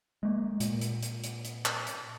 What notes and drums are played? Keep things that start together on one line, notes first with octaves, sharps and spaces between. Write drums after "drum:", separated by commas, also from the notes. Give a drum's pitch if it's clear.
G#3 A#3
A#2, drum: hi-hat
drum: hi-hat
drum: hi-hat
drum: hi-hat
drum: hi-hat
drum: clap
drum: hi-hat